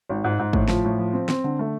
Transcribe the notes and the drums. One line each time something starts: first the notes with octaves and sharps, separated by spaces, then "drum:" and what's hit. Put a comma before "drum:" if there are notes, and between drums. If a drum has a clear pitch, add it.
G#1
G#2
G#2
A2, drum: kick
F3, drum: snare
A2
F3
C4
C4, drum: snare
D3
A3